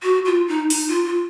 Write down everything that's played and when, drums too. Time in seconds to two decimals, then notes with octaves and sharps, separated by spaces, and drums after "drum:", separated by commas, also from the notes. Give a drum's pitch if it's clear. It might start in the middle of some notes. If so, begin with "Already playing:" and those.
0.03 F#4
0.25 F4
0.48 D#4
0.70 D#4, drum: open hi-hat
0.88 F4
1.05 F4